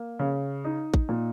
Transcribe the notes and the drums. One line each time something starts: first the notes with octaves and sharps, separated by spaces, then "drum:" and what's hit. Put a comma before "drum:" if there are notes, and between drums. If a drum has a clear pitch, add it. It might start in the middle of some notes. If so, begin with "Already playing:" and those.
Already playing: A#3
C#3
D#4
drum: kick A1
A#2